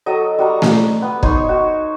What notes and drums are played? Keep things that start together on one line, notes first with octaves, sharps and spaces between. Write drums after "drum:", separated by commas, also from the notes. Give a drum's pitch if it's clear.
F#3 A4 D#5
G3 F#4 A#5
drum: snare A3
B3
D#4 C5 C#5, drum: kick
F#4